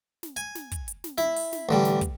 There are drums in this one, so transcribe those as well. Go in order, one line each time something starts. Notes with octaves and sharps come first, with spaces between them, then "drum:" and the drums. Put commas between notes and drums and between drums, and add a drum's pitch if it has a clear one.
drum: snare
G#5, drum: hi-hat
drum: snare
drum: kick, hi-hat
drum: hi-hat
drum: snare
E4, drum: snare
drum: open hi-hat
drum: snare
A1 D3 G3
drum: snare
drum: kick, hi-hat